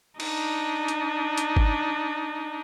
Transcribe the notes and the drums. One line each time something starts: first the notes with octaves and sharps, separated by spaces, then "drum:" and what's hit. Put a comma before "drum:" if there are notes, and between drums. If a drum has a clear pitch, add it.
D4 D#4, drum: cymbal
drum: hi-hat
drum: hi-hat
drum: kick G1